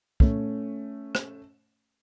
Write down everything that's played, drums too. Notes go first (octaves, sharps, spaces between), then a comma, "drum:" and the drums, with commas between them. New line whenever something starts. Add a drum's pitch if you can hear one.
A3 C#4, drum: kick
drum: rim click